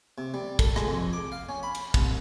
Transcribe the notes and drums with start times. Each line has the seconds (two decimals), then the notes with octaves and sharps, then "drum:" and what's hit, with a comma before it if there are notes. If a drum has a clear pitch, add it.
0.18 C3
0.34 G3
0.59 A4, drum: kick, cymbal
0.76 G#3, drum: rim click
0.88 F2
1.13 D6
1.32 F5
1.49 C#4
1.63 B5
1.75 drum: cymbal
1.94 C2, drum: kick, cymbal